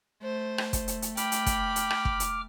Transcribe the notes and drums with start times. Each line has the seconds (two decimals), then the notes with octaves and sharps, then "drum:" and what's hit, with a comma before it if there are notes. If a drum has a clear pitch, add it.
0.23 A3 C5
0.58 drum: rim click
0.73 drum: kick, hi-hat
0.88 drum: hi-hat
1.02 drum: hi-hat
1.17 G5 B5 D6 F6, drum: hi-hat
1.32 drum: hi-hat
1.46 drum: kick, hi-hat
1.76 drum: hi-hat
1.90 drum: rim click
2.05 drum: kick
2.20 drum: hi-hat